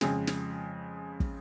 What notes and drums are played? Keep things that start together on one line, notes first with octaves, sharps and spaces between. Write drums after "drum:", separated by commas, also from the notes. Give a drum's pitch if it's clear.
F2 C#3 G#3, drum: snare
drum: snare
drum: kick